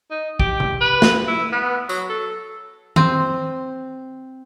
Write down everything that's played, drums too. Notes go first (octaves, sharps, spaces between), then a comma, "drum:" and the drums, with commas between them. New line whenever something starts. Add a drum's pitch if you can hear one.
D#4
G4, drum: kick
drum: tom C3
B4
drum: snare
E4
B3
F#3, drum: tambourine
A4
C4, drum: tom